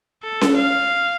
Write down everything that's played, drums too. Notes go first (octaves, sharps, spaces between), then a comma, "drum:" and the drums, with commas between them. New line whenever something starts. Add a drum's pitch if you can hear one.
A4
drum: snare C#4
F5